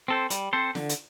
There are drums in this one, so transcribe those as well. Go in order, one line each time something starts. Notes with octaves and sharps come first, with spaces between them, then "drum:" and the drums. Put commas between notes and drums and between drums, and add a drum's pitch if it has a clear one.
C4 A4 C5
G3, drum: hi-hat
C4 A4 C5
D3, drum: snare
drum: hi-hat